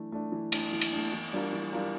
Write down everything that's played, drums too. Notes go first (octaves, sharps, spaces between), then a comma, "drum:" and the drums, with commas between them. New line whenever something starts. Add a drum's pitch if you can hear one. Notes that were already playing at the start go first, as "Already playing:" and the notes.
Already playing: E3 A3 D4
A3 D4
E3
A3 D4, drum: cymbal
E3
drum: cymbal
A3 D4
E3
G3 D4 F4 A#4
E3
G3 D4 F4 A#4